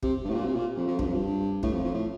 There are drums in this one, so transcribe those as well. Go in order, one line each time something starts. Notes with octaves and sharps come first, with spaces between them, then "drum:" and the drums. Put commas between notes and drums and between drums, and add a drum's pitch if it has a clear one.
C3, drum: kick
G2
A2
A#2
C3
A#2
F2
F2
G2, drum: kick
F2
G2
A2, drum: kick
F2
F2
A2